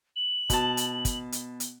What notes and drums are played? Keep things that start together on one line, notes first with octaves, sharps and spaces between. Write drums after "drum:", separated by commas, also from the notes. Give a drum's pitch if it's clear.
F#7
B2 A5, drum: kick, hi-hat
drum: hi-hat
drum: kick, hi-hat
drum: hi-hat
drum: hi-hat